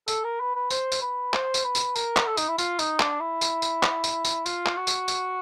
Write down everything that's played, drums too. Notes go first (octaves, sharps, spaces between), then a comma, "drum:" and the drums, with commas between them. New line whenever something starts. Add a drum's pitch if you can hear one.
A4, drum: tambourine
A#4
B4
B4
C5, drum: tambourine
drum: tambourine
B4
C5, drum: clap
drum: tambourine
B4
drum: tambourine
A#4, drum: tambourine
drum: clap
A4
D#4, drum: tambourine
E4
F4, drum: tambourine
D#4, drum: tambourine
D4, drum: clap
E4
drum: tambourine
drum: tambourine
drum: clap
drum: tambourine
drum: tambourine
F4, drum: tambourine
drum: clap
F#4
drum: tambourine
drum: tambourine